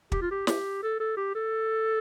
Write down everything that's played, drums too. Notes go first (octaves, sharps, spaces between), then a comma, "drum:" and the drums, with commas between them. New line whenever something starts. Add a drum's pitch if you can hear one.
G4, drum: kick
F4
G4
G4, drum: snare
A4
A4
G4
A4